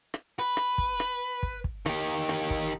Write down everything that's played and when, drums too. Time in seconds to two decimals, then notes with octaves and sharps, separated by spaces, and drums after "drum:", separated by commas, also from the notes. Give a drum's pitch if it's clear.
0.14 drum: rim click
0.39 B4
0.57 drum: rim click
0.78 drum: kick
1.00 drum: rim click
1.43 drum: kick
1.64 drum: kick
1.86 D#3 G4, drum: rim click
2.29 drum: rim click
2.50 drum: kick